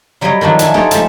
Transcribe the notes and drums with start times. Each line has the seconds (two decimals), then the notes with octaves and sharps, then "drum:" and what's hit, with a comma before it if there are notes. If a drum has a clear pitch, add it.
0.21 F#3 G3 G4 B4 C#5 D#5
0.41 D#3 F3 F#3 D4
0.59 F#3 E5 G#5, drum: hi-hat
0.74 D#4 F4 G4 A4 C#5, drum: snare
0.91 F3 G#3 A3 A4 E5, drum: hi-hat